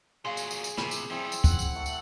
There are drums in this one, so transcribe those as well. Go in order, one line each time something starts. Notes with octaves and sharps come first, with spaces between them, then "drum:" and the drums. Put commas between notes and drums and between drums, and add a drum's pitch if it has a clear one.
A#2 F#3 G#4 F5 C6
drum: tambourine
drum: tambourine
drum: tambourine
C3 B5, drum: snare
drum: tambourine
F3 G3 C4 E4 A5
drum: tambourine
F#5, drum: kick, tambourine
drum: tambourine
A3
drum: tambourine